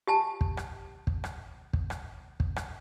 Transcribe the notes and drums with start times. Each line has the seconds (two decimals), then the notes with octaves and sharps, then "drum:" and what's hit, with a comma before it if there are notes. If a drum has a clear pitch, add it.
0.07 G4 G#5 A5
0.41 drum: kick
0.57 drum: rim click
1.07 drum: kick
1.24 drum: rim click
1.73 drum: kick
1.90 drum: rim click
2.40 drum: kick
2.56 drum: rim click